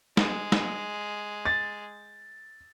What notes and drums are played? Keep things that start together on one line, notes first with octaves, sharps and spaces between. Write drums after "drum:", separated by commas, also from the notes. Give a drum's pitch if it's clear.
G#3, drum: snare
drum: snare
A6